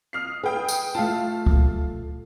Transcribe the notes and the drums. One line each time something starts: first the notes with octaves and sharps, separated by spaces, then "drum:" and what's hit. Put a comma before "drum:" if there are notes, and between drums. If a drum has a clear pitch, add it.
D#6 F6 C7
G#4 B4 G5 D#6
drum: tambourine
A3 F4 F5 A5
drum: kick C#2